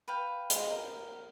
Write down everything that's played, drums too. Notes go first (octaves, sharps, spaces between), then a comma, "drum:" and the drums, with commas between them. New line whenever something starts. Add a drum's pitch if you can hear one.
B4 F5 G5
G#3, drum: hi-hat
A#4